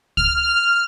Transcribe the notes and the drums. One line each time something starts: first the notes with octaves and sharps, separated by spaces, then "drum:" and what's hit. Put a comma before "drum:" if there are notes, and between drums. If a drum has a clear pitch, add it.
F6, drum: kick